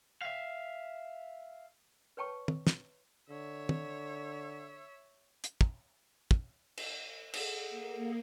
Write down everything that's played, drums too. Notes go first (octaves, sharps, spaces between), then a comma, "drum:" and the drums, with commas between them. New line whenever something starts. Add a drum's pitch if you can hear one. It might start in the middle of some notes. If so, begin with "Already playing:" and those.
E5 F5
B4 C#5 G5 A5 C#6
drum: tom
drum: snare
D3 C#5 E5
drum: tom
drum: hi-hat
drum: kick
drum: kick
drum: cymbal
G#4 A4 F#5, drum: cymbal
A#3